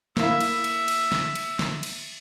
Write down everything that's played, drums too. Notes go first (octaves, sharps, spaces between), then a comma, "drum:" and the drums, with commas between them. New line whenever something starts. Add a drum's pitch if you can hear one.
A#3 E4 E5, drum: snare
drum: cymbal
drum: cymbal
drum: cymbal
drum: snare
drum: cymbal
drum: snare
drum: cymbal